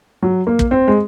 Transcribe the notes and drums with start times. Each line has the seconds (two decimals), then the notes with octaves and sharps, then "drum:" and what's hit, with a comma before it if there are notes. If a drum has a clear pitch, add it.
0.22 F#3
0.47 A#3
0.59 drum: kick
0.71 C4
0.88 G#3